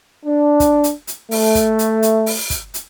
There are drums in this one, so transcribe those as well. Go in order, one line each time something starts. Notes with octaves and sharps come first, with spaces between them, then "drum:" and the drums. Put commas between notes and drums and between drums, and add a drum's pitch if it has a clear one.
D4
drum: kick, hi-hat
drum: hi-hat
drum: hi-hat
A3, drum: open hi-hat
drum: kick, hi-hat
drum: hi-hat
drum: hi-hat
drum: open hi-hat
drum: kick, hi-hat
drum: hi-hat